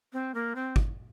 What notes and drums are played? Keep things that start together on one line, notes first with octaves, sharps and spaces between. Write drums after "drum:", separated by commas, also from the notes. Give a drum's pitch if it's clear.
C4
A#3
C4
drum: kick